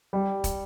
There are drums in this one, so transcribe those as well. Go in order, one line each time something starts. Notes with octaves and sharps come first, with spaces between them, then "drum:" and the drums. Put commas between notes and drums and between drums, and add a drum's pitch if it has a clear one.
G3
drum: kick, hi-hat